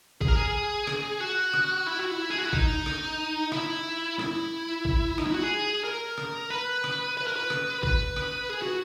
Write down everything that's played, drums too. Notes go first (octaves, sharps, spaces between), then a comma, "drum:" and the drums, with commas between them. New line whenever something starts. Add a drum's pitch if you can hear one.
G#4, drum: kick
A#4
G#4
drum: rim click
F#4
drum: rim click
E4
F#4
E4
G#4
F#4
E4
D#4, drum: kick
drum: rim click
E4, drum: rim click
E4, drum: rim click
drum: kick
D#4, drum: rim click
E4
F#4
G#4
A#4
drum: rim click
B4
drum: rim click
B4
A#4
B4
drum: rim click
B4, drum: kick
drum: rim click
G#4
F#4